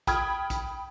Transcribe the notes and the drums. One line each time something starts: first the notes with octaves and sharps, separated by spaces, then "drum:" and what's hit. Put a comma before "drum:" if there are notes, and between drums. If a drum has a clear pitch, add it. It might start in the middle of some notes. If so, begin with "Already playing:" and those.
G5 B5 D#6 F6 G#6, drum: kick A#1, hi-hat
drum: kick A#1, hi-hat